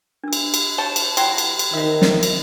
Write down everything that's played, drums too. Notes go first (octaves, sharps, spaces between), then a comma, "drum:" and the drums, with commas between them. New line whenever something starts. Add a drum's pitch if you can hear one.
D4 E6
drum: cymbal
drum: cymbal
C#5 G5 A5
drum: cymbal
F#3 E4 G5 C6, drum: cymbal
drum: cymbal
drum: cymbal
D#3 C4 E5
drum: snare
drum: cymbal